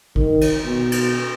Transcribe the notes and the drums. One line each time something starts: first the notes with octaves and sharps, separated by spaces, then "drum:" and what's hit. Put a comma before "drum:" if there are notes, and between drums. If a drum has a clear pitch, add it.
D#3, drum: kick
drum: cymbal
B2
drum: cymbal